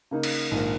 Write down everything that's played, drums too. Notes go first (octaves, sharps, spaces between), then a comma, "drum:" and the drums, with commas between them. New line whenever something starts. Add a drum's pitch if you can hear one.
C#3 A#3 D#4
drum: cymbal
A#1 G#2 D#3 A#3